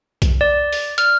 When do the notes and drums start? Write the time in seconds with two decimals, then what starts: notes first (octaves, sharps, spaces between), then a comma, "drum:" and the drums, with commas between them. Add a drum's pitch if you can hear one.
0.22 drum: kick, hi-hat
0.41 D5
0.73 drum: open hi-hat
0.98 F6, drum: hi-hat